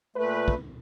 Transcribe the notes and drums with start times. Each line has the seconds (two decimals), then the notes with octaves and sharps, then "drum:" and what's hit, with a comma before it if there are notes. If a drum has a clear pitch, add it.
0.16 A#2 A3 B4
0.48 drum: kick